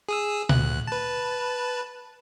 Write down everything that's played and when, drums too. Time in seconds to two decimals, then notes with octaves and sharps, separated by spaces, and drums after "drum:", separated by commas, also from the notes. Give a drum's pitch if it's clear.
0.09 G#4 D#6 E6
0.49 D2 F#6, drum: tom A#2
0.87 B4 A5